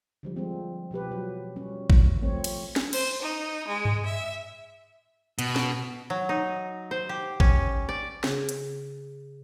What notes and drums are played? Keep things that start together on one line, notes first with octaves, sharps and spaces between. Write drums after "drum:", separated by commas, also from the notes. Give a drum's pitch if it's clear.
D3 F3 G3
F3 G#3 C4
B2 F3 G4 B4
F#3
G3 C#4
drum: kick
F3 A3 C4 C#5
drum: cymbal
drum: snare
C5, drum: cymbal
D#4
G#3
drum: tom G2
E5
B2, drum: hi-hat
drum: snare
F#3
D#4
C5
G4
C#4, drum: kick
D5
C#3 G#4, drum: snare
drum: hi-hat